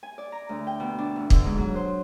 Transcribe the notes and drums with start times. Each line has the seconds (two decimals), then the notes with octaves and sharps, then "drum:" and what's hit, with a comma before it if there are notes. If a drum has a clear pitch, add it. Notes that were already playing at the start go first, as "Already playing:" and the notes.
0.03 G#5
0.18 D5
0.32 A#5
0.49 D2
0.67 G5
0.80 B2
0.99 D4
1.16 E2
1.30 D3, drum: kick
1.45 G#2
1.58 F#3
1.75 C5